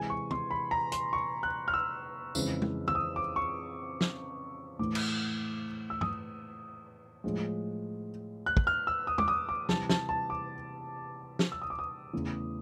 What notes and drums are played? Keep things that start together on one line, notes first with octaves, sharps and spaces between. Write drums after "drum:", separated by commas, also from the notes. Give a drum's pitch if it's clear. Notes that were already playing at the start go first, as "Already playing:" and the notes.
Already playing: C3 E3 G#3 G#5
C#6
C6, drum: tom
B5
A#5
C6, drum: hi-hat
C#6
F#6
F6
E6
F2 C#3 E3 G#3, drum: tambourine
drum: tom G#3
E6, drum: tom
D#6
D6
C#6
drum: snare
A2 E3 A3 D6
drum: cymbal
E6
D#6, drum: tom
A2 F3 G#3
F#6
drum: kick
F6
E6
D#6
D6, drum: tom
D#6
D6
C3 E3 G3 A5, drum: snare
A5, drum: snare
A5
D6
drum: snare
E6
D#6
D6
D#6
E2 C#3 E3 A3